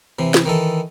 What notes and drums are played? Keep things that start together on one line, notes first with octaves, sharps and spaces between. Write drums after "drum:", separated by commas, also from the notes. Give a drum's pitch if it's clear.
C3 E3
drum: snare
D#3 E3 A4